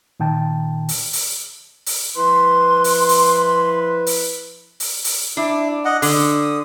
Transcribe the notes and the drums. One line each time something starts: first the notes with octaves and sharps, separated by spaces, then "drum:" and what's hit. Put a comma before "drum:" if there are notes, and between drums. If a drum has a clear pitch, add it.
A#2 D#3 G5 A5
drum: open hi-hat
drum: open hi-hat
drum: open hi-hat
F3 E4 B4 C6
drum: open hi-hat
drum: open hi-hat
drum: open hi-hat
drum: open hi-hat
drum: open hi-hat
D4 E4
D#5 F#5
D3 D#6, drum: open hi-hat